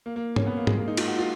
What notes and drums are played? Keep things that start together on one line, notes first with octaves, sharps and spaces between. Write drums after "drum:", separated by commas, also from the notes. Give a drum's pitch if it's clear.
A#3
A#3
C#4, drum: tom
B3
A#3
G#3, drum: tom
A#3
D#4
F4, drum: cymbal
F#4
F4